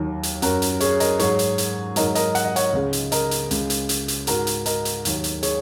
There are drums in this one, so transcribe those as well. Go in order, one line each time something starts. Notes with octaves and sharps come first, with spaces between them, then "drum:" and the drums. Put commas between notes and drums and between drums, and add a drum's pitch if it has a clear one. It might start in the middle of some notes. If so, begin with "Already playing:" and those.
Already playing: D#2 D#3 F#3
drum: hi-hat
F#2 F#3 F#4 A#4, drum: hi-hat
drum: hi-hat
G#4 C#5, drum: hi-hat
A#4 D#5, drum: hi-hat
G#2 F#3 G#4 C#5, drum: hi-hat
drum: hi-hat
drum: hi-hat
G#2 D#3 F#3 A#4 D#5, drum: hi-hat
A#4 D#5, drum: hi-hat
F#5, drum: hi-hat
D#5
C#5 F#5, drum: hi-hat
C#2 C#3 G#3
drum: hi-hat
A#4 D#5, drum: hi-hat
drum: hi-hat
C#2 C#3 G#3, drum: hi-hat
drum: hi-hat
drum: hi-hat
drum: hi-hat
G#2 G#3 F#4 A#4, drum: hi-hat
drum: hi-hat
A#4 D#5, drum: hi-hat
drum: hi-hat
D#2 D#3 F#3, drum: hi-hat
drum: hi-hat
G#4 C#5, drum: hi-hat